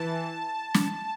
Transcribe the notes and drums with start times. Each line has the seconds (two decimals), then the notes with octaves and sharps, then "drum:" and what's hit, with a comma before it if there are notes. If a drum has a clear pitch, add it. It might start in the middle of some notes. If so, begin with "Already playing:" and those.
Already playing: E3 A5
0.74 drum: snare